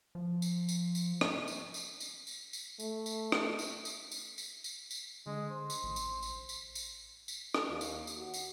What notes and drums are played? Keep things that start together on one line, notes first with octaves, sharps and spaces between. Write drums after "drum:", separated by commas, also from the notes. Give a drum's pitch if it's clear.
F3
drum: tambourine
drum: tambourine
drum: tambourine
drum: rim click
drum: tambourine
drum: tambourine
drum: tambourine
drum: tambourine
drum: tambourine
A3, drum: tambourine
drum: tambourine
drum: rim click
drum: tambourine
drum: tambourine
drum: tambourine
drum: tambourine
drum: tambourine
drum: tambourine
D3 G#3
C5
drum: tambourine
A1
drum: tambourine
drum: tambourine
drum: tambourine
drum: tambourine
drum: tambourine
drum: rim click
D#2
drum: tambourine
drum: tambourine
F#4
drum: tambourine